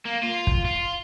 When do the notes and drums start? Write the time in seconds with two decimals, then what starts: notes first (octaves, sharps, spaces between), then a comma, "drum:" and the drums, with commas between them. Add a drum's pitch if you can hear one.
0.06 A#3
0.23 F4
0.47 drum: kick
0.65 F4